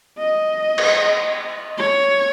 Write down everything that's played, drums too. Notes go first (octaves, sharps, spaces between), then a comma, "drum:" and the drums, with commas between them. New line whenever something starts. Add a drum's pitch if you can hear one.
D#5
drum: cymbal
C#5